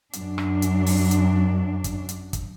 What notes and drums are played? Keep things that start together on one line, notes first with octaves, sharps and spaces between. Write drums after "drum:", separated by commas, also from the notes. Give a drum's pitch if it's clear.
F#2 D4, drum: hi-hat
drum: rim click
drum: hi-hat
drum: open hi-hat
drum: hi-hat
drum: kick, hi-hat
drum: hi-hat
drum: kick, hi-hat